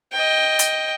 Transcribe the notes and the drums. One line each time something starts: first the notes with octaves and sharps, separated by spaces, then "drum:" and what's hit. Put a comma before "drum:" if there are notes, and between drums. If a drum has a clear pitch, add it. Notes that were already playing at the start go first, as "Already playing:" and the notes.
D#5 G5
drum: hi-hat